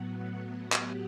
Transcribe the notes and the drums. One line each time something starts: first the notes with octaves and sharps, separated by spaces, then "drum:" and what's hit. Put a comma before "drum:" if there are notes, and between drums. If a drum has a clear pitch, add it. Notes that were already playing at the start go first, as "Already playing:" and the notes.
Already playing: A2 F#3 B3 F#5
G4, drum: clap